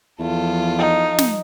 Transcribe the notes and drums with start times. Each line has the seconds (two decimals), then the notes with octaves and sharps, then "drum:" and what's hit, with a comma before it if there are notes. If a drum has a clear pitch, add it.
0.20 E2 F3 F4 A4
0.78 D#4
1.18 drum: snare